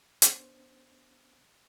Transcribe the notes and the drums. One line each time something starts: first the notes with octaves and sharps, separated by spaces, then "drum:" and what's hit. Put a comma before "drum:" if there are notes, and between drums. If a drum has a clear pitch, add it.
B3 C#4 D4 C5, drum: hi-hat